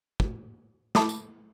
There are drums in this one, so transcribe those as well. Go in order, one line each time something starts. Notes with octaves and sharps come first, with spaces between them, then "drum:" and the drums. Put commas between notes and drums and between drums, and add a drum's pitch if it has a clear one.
drum: kick
E4 A5 B5 D6 D#6, drum: snare
drum: tambourine